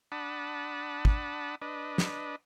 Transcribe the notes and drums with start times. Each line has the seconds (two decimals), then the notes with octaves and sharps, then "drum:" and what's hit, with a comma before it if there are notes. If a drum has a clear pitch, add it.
0.12 D4 F#5 A5 B5 D#6
1.05 drum: kick
1.62 D4 B4 D#5
1.98 drum: snare